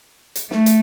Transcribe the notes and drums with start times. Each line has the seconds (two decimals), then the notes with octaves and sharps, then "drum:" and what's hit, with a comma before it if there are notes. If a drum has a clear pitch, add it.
0.35 drum: hi-hat
0.51 A3, drum: snare
0.66 drum: hi-hat